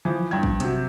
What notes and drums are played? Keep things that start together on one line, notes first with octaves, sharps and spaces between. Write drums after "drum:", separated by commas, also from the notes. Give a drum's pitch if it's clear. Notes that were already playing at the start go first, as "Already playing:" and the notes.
E3 F3
G2 G5 G#6
drum: kick
C3 F#3, drum: hi-hat